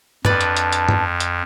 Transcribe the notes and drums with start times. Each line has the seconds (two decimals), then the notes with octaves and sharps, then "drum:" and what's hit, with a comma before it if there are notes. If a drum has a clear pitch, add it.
0.25 F2 D4 B4, drum: tom G2
0.41 drum: hi-hat
0.57 drum: hi-hat
0.73 drum: hi-hat
0.88 drum: tom G2
1.20 drum: hi-hat